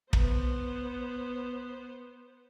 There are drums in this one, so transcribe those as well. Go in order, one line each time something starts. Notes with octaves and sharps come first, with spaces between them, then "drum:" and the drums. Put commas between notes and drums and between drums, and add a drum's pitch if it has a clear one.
B3 C5, drum: kick